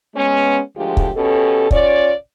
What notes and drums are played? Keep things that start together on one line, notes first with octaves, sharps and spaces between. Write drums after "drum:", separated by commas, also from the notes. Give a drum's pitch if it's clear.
G#3 B3 C#4
D2 D3 F3 G#3 F4 G4
drum: kick
B2 C#4 G4 A4
C#4 F4 C#5 D5, drum: kick